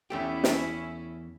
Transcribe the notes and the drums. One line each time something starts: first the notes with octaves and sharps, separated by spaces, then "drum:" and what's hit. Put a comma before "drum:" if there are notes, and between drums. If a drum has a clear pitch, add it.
E2 A3 C#4 E4 G4
drum: snare